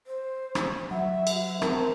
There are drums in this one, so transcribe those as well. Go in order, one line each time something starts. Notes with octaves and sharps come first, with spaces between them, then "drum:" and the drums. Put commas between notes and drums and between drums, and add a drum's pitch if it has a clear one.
C5
drum: rim click
F#3 E5 F#5
drum: cymbal
C4 A#4 A5 A#5, drum: rim click